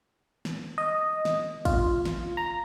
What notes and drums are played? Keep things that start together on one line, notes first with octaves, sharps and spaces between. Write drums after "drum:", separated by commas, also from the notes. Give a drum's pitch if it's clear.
drum: snare
D#5
drum: snare
F4, drum: kick, cymbal
drum: snare
A#5